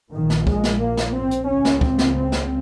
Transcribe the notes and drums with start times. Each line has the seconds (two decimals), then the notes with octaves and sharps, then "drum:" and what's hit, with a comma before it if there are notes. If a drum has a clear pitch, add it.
0.13 A#1 A#2 D#3
0.30 drum: snare
0.47 G#3, drum: kick
0.64 drum: snare
0.80 A#3
0.97 drum: snare
1.14 C4
1.31 drum: hi-hat
1.48 C#2 C#3 C#4
1.65 drum: snare
1.81 C4, drum: kick
1.98 drum: snare
2.15 C4
2.32 drum: snare